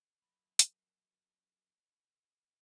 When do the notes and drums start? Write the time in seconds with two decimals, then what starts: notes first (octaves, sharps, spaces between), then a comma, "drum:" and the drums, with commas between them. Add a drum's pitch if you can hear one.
0.22 F#2 B5
0.59 drum: hi-hat